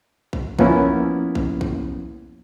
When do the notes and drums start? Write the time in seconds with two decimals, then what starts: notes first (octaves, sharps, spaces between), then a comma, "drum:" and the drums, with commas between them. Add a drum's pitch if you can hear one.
0.33 drum: kick A#1
0.59 F3 A#3 B3 C#4 E4, drum: kick A#1
1.35 drum: kick A#1
1.61 drum: kick A#1